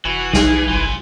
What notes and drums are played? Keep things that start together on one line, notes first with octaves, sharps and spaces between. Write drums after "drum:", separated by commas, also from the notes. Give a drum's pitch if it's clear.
F1 E3 F#4
B1 D#4 G#4, drum: snare
G1 F4 G#5